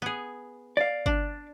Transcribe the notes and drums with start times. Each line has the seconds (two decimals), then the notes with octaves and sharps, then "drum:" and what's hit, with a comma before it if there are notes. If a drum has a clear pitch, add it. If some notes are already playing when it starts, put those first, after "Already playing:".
0.02 B3 G#4
0.77 D5 F5
1.06 D4, drum: kick G1